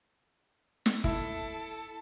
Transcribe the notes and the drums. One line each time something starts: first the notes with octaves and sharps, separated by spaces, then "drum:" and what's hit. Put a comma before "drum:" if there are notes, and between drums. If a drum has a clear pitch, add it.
drum: snare
E4 A4, drum: kick G1